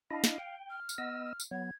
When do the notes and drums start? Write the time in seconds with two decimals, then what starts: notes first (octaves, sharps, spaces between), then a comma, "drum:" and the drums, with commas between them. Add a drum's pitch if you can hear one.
0.11 D4 E4 D#5 F5
0.24 drum: snare
0.38 G5
0.70 F6
0.89 drum: tambourine
0.98 B3 D#5 E6
1.25 F6
1.40 drum: tambourine
1.51 F#3 B3 G#6